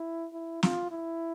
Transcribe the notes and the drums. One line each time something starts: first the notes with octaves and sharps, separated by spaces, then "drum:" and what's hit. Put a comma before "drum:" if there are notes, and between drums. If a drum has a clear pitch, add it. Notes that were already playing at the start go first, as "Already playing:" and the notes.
Already playing: E4
E4
F4, drum: snare
E4